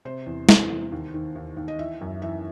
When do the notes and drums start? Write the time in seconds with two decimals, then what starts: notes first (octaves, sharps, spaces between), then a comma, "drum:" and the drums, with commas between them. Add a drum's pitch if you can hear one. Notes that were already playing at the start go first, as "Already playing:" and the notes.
0.05 C3 C5
0.26 E2
0.49 E3, drum: snare
0.70 E2
0.92 D#2
1.14 D#3
1.35 D#2
1.57 D#2
1.68 D#5
1.79 E3 E5
2.01 F#2
2.22 E3 E5